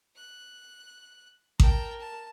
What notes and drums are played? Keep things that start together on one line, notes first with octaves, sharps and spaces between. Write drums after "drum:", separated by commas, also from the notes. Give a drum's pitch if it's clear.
F#6
A#4 G5 A5, drum: kick A1
A5